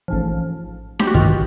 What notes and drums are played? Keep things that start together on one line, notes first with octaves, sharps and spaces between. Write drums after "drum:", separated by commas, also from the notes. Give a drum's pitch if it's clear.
A1 G#2 F3
G4, drum: snare D4
F#4
G#1 G2 D#3 F4, drum: kick